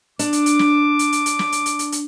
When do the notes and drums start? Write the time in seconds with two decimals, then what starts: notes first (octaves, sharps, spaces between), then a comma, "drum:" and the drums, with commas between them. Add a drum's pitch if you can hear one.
0.19 D4 D6, drum: hi-hat
0.33 drum: hi-hat
0.46 drum: hi-hat
0.59 drum: snare
0.99 drum: hi-hat
1.12 drum: hi-hat
1.26 drum: hi-hat
1.39 drum: snare
1.52 drum: hi-hat
1.66 drum: hi-hat
1.79 drum: hi-hat
1.92 drum: hi-hat